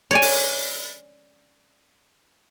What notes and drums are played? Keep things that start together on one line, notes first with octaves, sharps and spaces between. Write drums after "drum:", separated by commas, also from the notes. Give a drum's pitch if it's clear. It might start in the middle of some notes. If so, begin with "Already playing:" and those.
C#5 D5 G#5
drum: open hi-hat